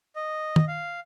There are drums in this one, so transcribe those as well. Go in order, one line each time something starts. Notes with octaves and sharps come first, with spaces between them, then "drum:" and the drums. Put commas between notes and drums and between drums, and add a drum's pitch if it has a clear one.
D#5
drum: tom
F5